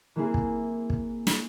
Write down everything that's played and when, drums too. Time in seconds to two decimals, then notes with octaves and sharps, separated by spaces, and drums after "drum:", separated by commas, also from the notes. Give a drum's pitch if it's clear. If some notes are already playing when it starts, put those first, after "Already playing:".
0.16 E3 A#3 C4 E4 G#4
0.34 drum: kick
0.90 drum: kick
1.27 drum: snare